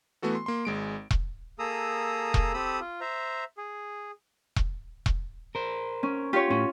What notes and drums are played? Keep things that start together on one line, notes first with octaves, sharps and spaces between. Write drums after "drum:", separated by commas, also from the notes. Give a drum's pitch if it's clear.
E3 A3 B3 F#4 A4
C6
A#3 C6
G#1 G#3 D7
drum: kick E1
A#3 G#4 A4 A#5 D#6 E6
drum: kick E1
C4 G4 A4 B5 D#6 E6
F4
C5 E5 A#5
G#4
drum: kick E1
drum: kick E1
A#4 C5
C#4
F4 G4 C#5
A2 C#4